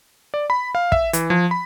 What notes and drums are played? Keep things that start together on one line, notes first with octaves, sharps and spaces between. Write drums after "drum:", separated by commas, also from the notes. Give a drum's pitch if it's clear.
D5
B5
F5
E5, drum: kick
E3, drum: hi-hat
F3
B5